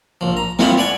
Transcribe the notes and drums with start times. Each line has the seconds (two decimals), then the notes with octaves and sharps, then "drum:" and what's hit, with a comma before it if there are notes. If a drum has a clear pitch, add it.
0.21 A#1 F3
0.37 A#5
0.59 C4 F4 C#5 B5, drum: snare
0.78 C#5 D5 F#5 G#5